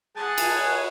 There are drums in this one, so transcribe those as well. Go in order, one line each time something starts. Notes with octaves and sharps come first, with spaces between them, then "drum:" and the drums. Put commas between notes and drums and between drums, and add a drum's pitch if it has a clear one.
G#4 F#5 G#5 A5
drum: cymbal
C#5